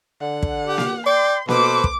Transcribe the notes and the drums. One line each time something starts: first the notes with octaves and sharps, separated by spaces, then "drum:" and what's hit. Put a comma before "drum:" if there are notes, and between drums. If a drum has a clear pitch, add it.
D3 F#5
drum: kick
G4
drum: snare A#3
D5 G5 C6
B2 A4 B4 C5 D6, drum: snare A#3
drum: kick